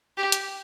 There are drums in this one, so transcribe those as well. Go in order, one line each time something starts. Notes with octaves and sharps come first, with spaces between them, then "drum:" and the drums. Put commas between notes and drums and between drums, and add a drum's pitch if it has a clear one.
G4
drum: hi-hat